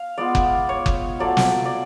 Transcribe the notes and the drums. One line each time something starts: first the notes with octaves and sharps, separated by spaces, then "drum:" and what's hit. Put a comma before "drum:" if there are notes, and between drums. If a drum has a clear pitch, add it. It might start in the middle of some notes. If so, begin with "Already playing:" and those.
Already playing: F5
G#3 B3 F4 D5
drum: kick F#1
C#5
drum: kick F#1
F#3 A3 F4 D5
drum: snare
D5